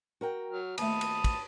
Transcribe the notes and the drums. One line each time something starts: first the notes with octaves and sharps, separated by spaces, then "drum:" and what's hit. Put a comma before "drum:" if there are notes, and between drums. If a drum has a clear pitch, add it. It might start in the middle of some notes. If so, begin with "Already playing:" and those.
F#4 A#4 G5
F#3 F6
D#2 A3 A5 B5 D#6, drum: cymbal
drum: cymbal
drum: kick, cymbal